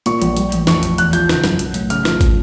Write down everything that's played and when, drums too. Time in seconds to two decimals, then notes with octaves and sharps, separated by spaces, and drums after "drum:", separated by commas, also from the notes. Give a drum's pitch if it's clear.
0.06 A#2 C#6, drum: hi-hat
0.22 A#1, drum: hi-hat
0.37 G3, drum: hi-hat
0.52 A1, drum: hi-hat
0.67 F2 C#6, drum: snare
0.83 F1, drum: hi-hat
0.98 E2 F#6, drum: hi-hat
1.13 F3 G6, drum: hi-hat
1.29 C#3 G6, drum: snare
1.44 F#2, drum: snare
1.59 B1, drum: hi-hat
1.74 A2, drum: hi-hat
1.90 C#3 F6, drum: hi-hat
2.05 F3, drum: snare
2.21 drum: kick, hi-hat